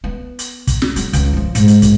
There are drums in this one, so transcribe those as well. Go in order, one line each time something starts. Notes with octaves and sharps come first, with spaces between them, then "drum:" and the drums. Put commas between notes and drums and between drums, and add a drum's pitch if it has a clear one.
B3
drum: hi-hat
drum: kick, hi-hat
drum: snare
F#3, drum: hi-hat
C#2, drum: hi-hat
E3 F3
G#2, drum: hi-hat
drum: hi-hat
drum: kick, hi-hat